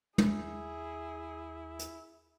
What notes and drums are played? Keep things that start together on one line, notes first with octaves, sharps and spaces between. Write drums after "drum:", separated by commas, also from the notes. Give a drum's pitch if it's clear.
D#2 E4 G#4, drum: tom
drum: hi-hat